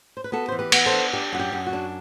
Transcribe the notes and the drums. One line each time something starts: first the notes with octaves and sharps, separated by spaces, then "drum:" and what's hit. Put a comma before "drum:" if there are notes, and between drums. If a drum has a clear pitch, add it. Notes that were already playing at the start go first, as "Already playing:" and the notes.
C5
B4
B3 F#4 A4
E3 C5
G4 B4
B3, drum: cymbal
A4 C5
D4
D4 G4
F#2 F#4
G4
F#2
F#4
D4